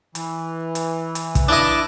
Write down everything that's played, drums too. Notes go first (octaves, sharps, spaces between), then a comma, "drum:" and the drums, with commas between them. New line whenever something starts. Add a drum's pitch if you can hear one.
E3, drum: hi-hat
drum: hi-hat
drum: hi-hat
drum: kick, hi-hat
D4 E4 D#5 A5 D6